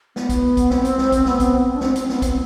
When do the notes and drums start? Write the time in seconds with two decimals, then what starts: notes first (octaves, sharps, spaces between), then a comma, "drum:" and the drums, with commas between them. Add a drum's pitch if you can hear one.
0.16 B3, drum: snare
0.29 drum: kick, hi-hat
0.57 drum: kick, hi-hat
0.70 C4, drum: snare
0.85 drum: hi-hat
0.98 drum: snare
1.12 drum: kick, hi-hat
1.26 B3, drum: snare
1.40 drum: kick, hi-hat
1.54 C4
1.76 D4
1.81 C4, drum: snare
1.96 C4, drum: hi-hat
2.09 B3, drum: snare
2.22 C4, drum: kick, hi-hat